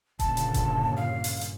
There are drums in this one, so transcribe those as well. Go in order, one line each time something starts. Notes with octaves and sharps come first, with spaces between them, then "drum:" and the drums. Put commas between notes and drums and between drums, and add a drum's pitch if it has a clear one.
G1 A#2 C#3 A5, drum: kick D#1, hi-hat
drum: hi-hat
drum: kick D#1, hi-hat
F5
drum: open hi-hat
drum: hi-hat